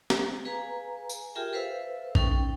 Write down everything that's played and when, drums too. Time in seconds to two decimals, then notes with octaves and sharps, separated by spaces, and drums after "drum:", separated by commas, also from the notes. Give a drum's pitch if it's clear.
0.10 drum: snare
0.45 G#4 B4 F5 G#5 A#5
1.09 G#5, drum: tambourine
1.35 F4 G4 G#4 A#4 E5 G5
1.53 A4 B4 C5 E5 F5 E6
2.15 C#4 D#4 A4 G5 C#6, drum: kick A#1